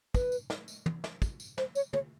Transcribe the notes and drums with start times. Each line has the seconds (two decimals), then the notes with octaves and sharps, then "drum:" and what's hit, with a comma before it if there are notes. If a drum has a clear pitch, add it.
0.14 B4, drum: kick, tambourine
0.32 drum: tambourine
0.50 drum: snare
0.68 drum: tambourine
0.86 drum: tom
1.04 drum: snare
1.22 drum: kick, tambourine
1.40 drum: tambourine
1.58 C5, drum: snare
1.75 C#5, drum: tambourine
1.93 C#5, drum: tom